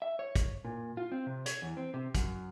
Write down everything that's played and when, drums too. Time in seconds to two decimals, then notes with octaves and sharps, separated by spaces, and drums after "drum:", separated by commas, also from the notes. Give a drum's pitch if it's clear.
0.02 E5
0.19 C#5
0.36 drum: kick, hi-hat
0.65 A#2
0.97 F4
1.12 C4
1.26 C3
1.46 C#5, drum: hi-hat
1.62 E2
1.77 C4
1.94 C3
2.15 F#2, drum: kick, hi-hat